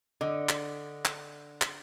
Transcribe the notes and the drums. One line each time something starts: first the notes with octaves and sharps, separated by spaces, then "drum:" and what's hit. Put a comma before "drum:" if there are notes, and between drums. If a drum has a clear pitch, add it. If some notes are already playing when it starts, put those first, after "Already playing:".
D3 D#5
drum: clap
drum: clap
drum: clap